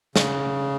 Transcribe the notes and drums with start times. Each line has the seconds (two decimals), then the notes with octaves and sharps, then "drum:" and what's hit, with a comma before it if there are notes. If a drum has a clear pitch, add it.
0.16 C#3, drum: snare